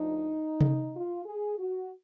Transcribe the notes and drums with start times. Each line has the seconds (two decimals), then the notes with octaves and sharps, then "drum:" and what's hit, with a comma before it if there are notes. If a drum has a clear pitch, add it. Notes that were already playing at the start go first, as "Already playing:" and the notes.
Already playing: D2 D3 F3 D#4
0.61 drum: tom C3
0.95 F4
1.25 G#4
1.57 F#4